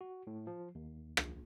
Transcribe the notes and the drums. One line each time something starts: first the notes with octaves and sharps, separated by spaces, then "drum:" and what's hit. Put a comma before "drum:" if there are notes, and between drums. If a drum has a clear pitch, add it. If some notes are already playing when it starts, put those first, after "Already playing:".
F#4
A2
F3
D#2
drum: rim click